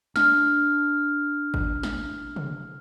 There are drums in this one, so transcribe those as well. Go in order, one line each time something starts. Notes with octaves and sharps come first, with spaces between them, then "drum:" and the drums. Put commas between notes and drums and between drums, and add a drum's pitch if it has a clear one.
D4 F6, drum: snare
drum: kick G#1
drum: snare
drum: tom C3